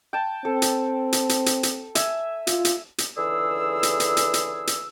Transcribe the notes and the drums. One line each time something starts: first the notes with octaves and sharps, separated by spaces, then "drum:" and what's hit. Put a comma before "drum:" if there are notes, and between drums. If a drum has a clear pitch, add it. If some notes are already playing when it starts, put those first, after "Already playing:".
G5 A5
C4 A4
drum: hi-hat
drum: hi-hat
drum: hi-hat
drum: hi-hat
drum: hi-hat
E5 G#5, drum: hi-hat
F4, drum: hi-hat
drum: hi-hat
drum: hi-hat
C#2 D3 E3 G#4 E6
drum: hi-hat
drum: hi-hat
drum: hi-hat
drum: hi-hat
drum: hi-hat